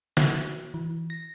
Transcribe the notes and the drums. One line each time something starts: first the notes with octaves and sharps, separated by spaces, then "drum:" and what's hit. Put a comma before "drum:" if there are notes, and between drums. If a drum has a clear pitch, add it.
F#4, drum: snare
E3
A#6